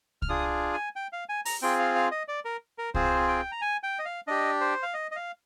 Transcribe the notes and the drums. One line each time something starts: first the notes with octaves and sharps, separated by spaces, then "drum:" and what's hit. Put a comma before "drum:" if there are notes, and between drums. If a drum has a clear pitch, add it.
F6, drum: kick C2
D4 F4 G#4 D#6
G#5
G5
F5
G#5
A#5, drum: open hi-hat
C4 F4 G#4 G5
F5
F5
D#5
D5
A#4
A#4
C4 F4 G#4 C5, drum: kick C2
G5
A#5
G#5
G5
D#5
F5
D4 G4 D#5
C5
F5
D#5
D#5
F5